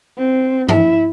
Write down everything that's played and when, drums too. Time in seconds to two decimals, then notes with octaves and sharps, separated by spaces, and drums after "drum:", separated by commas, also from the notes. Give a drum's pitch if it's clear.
0.18 C4
0.69 E4 E5, drum: tom